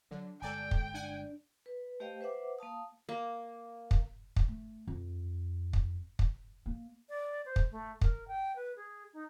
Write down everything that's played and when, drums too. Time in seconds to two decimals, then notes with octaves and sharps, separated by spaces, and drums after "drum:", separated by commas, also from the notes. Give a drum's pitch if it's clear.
0.11 D3 F#3
0.42 G1 G#3 A4 D5 G5 G#5
0.71 drum: kick
0.94 D4 F#5 G#5
1.66 B4
2.00 A3 G4 C5 D#5 F5 G5
2.21 B4 C5 E5 F#5 D6
2.59 A#3 F5 A5 D#6
3.09 A#3
3.91 drum: kick
4.36 drum: kick
4.48 A3
4.87 F2
5.73 drum: kick
6.19 drum: kick
6.66 A#3
7.09 D5
7.46 C5
7.56 drum: kick
7.71 A3
8.01 A#4, drum: kick
8.28 G5
8.56 B4
8.76 G#4
9.13 D#4